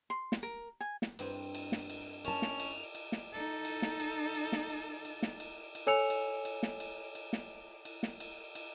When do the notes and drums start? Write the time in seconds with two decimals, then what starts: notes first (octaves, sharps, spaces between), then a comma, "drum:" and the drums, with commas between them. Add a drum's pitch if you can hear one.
0.10 C6
0.32 drum: snare
0.43 A#4
0.81 G#5
1.02 drum: snare
1.19 G2 C4, drum: cymbal
1.55 drum: cymbal
1.72 drum: snare
1.90 drum: cymbal
2.25 C#4 A#4 A5 F7, drum: cymbal
2.42 drum: snare
2.60 drum: cymbal
2.95 drum: cymbal
3.12 drum: snare
3.33 D#4 A4
3.65 drum: cymbal
3.82 drum: snare
4.00 drum: cymbal
4.35 drum: cymbal
4.52 drum: snare
4.70 drum: cymbal
5.05 drum: cymbal
5.22 drum: snare
5.40 drum: cymbal
5.75 drum: cymbal
5.87 A4 C#5 G#5 E6 C#7 F7
6.10 drum: cymbal
6.45 drum: cymbal
6.63 drum: snare
6.80 drum: cymbal
7.15 drum: cymbal
7.33 drum: snare
7.85 drum: cymbal
8.03 drum: snare
8.20 drum: cymbal
8.55 drum: cymbal